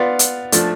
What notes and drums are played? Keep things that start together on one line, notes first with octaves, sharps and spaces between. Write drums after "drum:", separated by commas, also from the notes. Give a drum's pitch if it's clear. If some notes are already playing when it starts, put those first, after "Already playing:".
Already playing: B3 F4 B4 D5 F5
drum: hi-hat
F3 A3 D4, drum: hi-hat